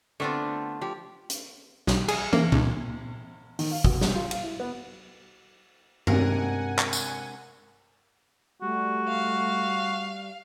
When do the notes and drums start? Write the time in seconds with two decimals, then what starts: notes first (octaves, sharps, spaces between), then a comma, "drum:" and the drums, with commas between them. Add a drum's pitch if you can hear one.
0.20 D3 A3 B3 C4 D4 F4
0.81 F3 G4
1.30 drum: hi-hat
1.87 B1, drum: snare
2.08 G#4, drum: cymbal
2.33 A#3, drum: tom
2.52 C#2, drum: tom A#2
3.59 D#3, drum: open hi-hat
3.71 F5
3.84 B2, drum: kick
4.01 G#3, drum: snare
4.15 F4
4.31 F5, drum: cymbal
4.43 E4
4.60 B3
6.07 C3 G#3 C4 D4 A#4 F#5 G#5, drum: tom G2
6.79 drum: clap
6.93 drum: tambourine
8.62 G3 A3 F#4
9.08 F5